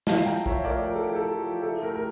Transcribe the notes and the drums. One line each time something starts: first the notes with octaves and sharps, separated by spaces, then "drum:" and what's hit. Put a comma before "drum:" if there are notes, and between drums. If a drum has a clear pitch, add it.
E4 F5 A5, drum: snare
F3 G5 A#5
F3 C#5 E5, drum: kick A#1
A3 A#4 D5
F3 A#4
A4
E4 G4
A4
F3
F3
E4 A4
A3 G4 A#4
A#4